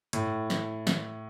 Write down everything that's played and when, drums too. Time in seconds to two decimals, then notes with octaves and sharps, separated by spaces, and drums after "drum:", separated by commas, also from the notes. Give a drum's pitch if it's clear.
0.13 A2, drum: hi-hat
0.50 drum: snare
0.87 drum: snare